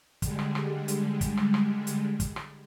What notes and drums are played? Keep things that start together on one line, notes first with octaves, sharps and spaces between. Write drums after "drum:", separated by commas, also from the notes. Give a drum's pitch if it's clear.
D3 G3 G#3, drum: kick, hi-hat
drum: rim click
drum: rim click
drum: hi-hat
drum: kick, hi-hat
drum: rim click
drum: rim click
drum: hi-hat
drum: kick, hi-hat
drum: rim click